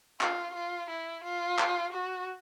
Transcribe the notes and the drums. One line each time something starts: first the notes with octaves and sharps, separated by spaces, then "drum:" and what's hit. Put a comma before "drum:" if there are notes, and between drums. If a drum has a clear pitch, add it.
F4, drum: clap
F4
E4
F4
drum: clap
F#4